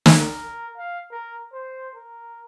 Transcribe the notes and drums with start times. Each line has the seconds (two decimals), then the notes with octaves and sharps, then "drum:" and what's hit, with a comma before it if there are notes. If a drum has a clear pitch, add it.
0.06 drum: snare
0.16 A#4
0.78 F5
1.12 A#4
1.53 C5
1.95 A#4